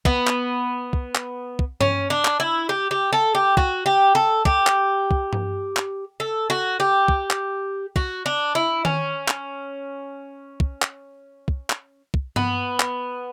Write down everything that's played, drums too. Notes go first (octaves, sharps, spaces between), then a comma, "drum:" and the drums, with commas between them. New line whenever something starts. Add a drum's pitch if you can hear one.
B3, drum: kick
drum: clap
drum: kick
drum: clap
drum: kick
C#4, drum: tom G2
D4
drum: clap
E4
G4
G4
A4
G4
F#4, drum: kick
G4
A4
G4, drum: kick
drum: clap
drum: kick
drum: tom G2
drum: clap
A4
F#4
G4
drum: kick
drum: clap
F#4, drum: kick
D4
E4
C#4, drum: tom D#3
drum: clap
drum: kick
drum: clap
drum: kick
drum: clap
drum: kick
B3, drum: tom G2
drum: clap